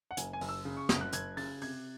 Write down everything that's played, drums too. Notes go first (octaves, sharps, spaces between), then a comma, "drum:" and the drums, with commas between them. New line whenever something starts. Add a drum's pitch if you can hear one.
F#5
F#1 G#5, drum: hi-hat
G#5
F#1, drum: open hi-hat
E6
C#3
C#6
F#1 D#6, drum: snare
F#6
F#1 G#6, drum: hi-hat
C#3 A6, drum: open hi-hat
C3 G#6, drum: open hi-hat